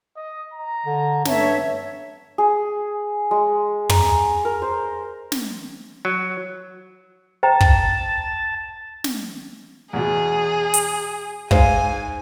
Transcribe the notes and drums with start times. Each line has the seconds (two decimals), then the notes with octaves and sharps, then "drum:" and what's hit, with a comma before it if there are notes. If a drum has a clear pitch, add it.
0.16 D#5
0.53 A#5
0.86 D3
1.25 G2 C#5 E5 A5, drum: snare
2.38 G#4
3.31 G#3
3.89 A#5, drum: tom
4.45 A#4
4.62 C5
5.32 drum: snare
6.05 F#3
7.43 C5 G5 A5 A#5
7.61 drum: kick
9.04 drum: snare
9.93 E2 B2 G#4
10.74 drum: hi-hat
11.51 G#2 C5 F5 G#5, drum: kick